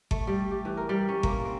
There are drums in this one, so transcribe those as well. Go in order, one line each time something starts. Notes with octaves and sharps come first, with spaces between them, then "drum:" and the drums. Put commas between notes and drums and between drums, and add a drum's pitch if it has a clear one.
A3, drum: kick G1
G3
G4
E3
A#4
G3
C#4
A#3, drum: kick G1
C4